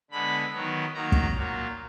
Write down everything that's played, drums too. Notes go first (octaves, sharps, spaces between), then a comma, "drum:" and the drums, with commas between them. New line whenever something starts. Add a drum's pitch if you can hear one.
D3 G#3 B3 B5
D#3 F#3 B3
D#3 F#3 A#3 A#5
drum: kick
A#2 F#3 A#3